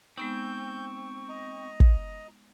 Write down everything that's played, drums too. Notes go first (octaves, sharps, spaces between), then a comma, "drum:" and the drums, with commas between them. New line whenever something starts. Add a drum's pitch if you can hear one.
G#3 B3 C4 D#4 C#6 G6
D#5 A#5
drum: kick